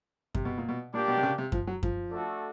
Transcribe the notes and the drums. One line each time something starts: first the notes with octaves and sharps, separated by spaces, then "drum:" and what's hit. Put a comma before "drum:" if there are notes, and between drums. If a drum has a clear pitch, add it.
C3, drum: kick F#2
B2
A#2
B2
A#2 A#3 D4 G4
B2
C3
C#3
C3
F3, drum: kick F#2
F#3
F3, drum: kick F#2
A3 D4 F#4 A4